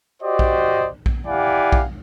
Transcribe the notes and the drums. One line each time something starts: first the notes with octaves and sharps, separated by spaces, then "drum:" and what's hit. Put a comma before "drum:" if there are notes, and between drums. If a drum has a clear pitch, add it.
F#4 G4 C5 D5 D#5
drum: kick A#1
drum: kick A#1
E4 G4 D5 F5 F#5 G#5
drum: kick A#1